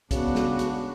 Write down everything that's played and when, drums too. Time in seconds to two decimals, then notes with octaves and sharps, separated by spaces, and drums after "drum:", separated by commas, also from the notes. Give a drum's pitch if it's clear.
0.11 C#3 B3 D4 F#4, drum: kick, hi-hat
0.35 drum: snare
0.59 drum: hi-hat